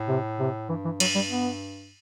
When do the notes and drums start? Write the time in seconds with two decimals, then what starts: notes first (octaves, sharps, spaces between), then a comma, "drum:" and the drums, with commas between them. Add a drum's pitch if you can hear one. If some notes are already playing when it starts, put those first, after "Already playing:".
Already playing: A2
0.08 C3
0.39 C3
0.69 G2 E3
0.85 E3
1.00 F#3, drum: cymbal
1.15 G3
1.30 B3